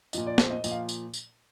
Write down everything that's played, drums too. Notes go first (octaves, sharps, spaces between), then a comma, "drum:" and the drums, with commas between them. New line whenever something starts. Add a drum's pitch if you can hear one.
A#2 F3 D#5, drum: tambourine
D5
C5, drum: snare
D#5
A#2 F3 D#5, drum: tambourine
F5
drum: tambourine
drum: tambourine